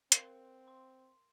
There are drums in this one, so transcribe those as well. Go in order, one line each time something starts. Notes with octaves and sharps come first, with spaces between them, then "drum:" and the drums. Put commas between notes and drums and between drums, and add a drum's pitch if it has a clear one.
C4 A#4 F5 C6, drum: hi-hat
C6